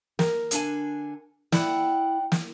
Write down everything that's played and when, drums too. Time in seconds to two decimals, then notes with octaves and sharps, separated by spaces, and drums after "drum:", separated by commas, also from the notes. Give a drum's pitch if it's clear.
0.19 A#4, drum: snare
0.51 D3 D4 G#5, drum: hi-hat
1.52 E4 D5 F#5 G5, drum: snare
2.32 drum: snare